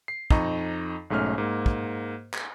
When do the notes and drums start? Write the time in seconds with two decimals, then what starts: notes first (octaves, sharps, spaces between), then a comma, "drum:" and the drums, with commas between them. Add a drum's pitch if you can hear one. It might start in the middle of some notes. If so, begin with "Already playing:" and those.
0.08 C7
0.30 F2 D#4 D#5 A#5 C#6, drum: kick
1.10 B1 G#2 A3 C#4 F6
1.38 G#2 A#3
1.66 drum: kick
2.33 drum: clap